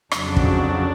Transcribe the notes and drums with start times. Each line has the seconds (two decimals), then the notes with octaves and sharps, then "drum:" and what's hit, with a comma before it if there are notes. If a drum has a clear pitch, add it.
0.11 F2 C#3 F#3 D4, drum: rim click
0.36 drum: kick